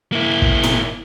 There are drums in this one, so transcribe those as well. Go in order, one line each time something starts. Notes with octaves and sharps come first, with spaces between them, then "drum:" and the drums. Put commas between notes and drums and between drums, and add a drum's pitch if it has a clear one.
A#3 E4
drum: kick
drum: tom